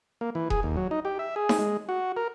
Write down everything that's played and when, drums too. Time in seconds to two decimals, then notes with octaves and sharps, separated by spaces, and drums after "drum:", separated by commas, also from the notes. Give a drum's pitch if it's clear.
0.21 A#3
0.35 E3
0.50 G#4, drum: kick E1
0.63 D#2
0.77 F#3
0.91 D#4
1.05 G4
1.19 E5
1.36 G#4
1.49 drum: snare D#4
1.59 G#3
1.89 F#4
2.17 A#4